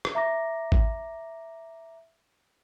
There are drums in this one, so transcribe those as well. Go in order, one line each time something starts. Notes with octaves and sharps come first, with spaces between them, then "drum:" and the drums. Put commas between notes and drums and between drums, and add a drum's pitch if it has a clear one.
drum: rim click
E5 A#5 D6 A#6
drum: kick G#1